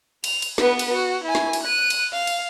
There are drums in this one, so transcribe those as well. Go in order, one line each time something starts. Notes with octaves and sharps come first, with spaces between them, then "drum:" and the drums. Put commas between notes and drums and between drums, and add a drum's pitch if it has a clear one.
F7, drum: cymbal
drum: cymbal
B3 B4, drum: snare
drum: cymbal
F#4
E4 G#5
drum: snare
drum: cymbal
F#6 D#7
drum: cymbal
F5
drum: cymbal